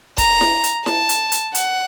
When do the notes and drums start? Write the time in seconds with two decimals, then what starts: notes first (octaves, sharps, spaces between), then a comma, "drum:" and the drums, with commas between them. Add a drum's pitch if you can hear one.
0.18 A#5, drum: kick, hi-hat
0.41 drum: snare E4
0.63 drum: hi-hat
0.86 A5, drum: snare E4
1.09 drum: hi-hat
1.32 drum: hi-hat
1.54 F#5, drum: hi-hat